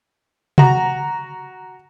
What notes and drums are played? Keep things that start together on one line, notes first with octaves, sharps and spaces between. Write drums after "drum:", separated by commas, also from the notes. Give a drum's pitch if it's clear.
F#4 A#5, drum: tom C3